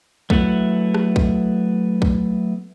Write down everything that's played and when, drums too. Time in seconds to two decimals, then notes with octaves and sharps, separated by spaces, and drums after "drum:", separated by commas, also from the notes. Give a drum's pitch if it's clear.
0.30 F#3 A3 B3 E4, drum: kick B1
0.94 drum: rim click
1.16 drum: kick B1
2.02 drum: kick B1